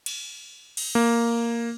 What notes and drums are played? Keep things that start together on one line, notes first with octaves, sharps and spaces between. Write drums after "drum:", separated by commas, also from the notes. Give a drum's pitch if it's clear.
drum: cymbal
drum: cymbal
A#3